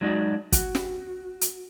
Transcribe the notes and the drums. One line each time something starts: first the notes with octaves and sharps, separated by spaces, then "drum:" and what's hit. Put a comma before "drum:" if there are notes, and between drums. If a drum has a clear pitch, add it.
F#3 G#3 D4 D#4 F#4 D5
F#4, drum: kick, hi-hat
drum: snare
drum: hi-hat